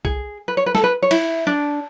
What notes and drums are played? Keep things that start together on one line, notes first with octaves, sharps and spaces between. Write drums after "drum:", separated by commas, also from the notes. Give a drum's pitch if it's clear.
G#4, drum: kick C2
B4
C#5
B4
A4, drum: snare
B4
C#5
E4, drum: cymbal
D4